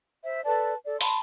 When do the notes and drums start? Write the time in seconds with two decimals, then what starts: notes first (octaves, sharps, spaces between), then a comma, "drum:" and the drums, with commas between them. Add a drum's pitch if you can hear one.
0.25 C5 E5
0.45 A4 B4 D5 A5
0.85 A4 D5
1.01 A5 B5 C6, drum: open hi-hat